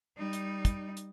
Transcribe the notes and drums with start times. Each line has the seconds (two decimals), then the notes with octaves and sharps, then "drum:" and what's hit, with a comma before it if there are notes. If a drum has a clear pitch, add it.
0.17 G3 D#4
0.33 drum: hi-hat
0.65 drum: kick, hi-hat
0.97 drum: hi-hat